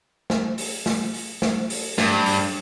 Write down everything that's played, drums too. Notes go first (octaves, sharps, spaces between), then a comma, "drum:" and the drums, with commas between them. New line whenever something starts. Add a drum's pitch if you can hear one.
drum: snare
drum: open hi-hat
drum: snare
drum: open hi-hat
drum: snare
drum: open hi-hat
G2, drum: snare
drum: open hi-hat